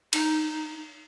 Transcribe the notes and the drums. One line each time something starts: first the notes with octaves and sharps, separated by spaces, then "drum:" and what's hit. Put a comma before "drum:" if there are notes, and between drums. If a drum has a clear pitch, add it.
D#4, drum: cymbal